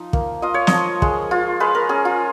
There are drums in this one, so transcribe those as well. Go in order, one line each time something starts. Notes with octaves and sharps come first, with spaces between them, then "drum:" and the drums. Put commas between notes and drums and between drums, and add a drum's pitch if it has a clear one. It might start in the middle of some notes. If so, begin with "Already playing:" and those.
Already playing: F3 D#4
A#3, drum: kick
F4 D#5
C#5
D#5, drum: snare
F3
G#3, drum: kick
F4
G#3 B4
A#4
C#4 G#4
F4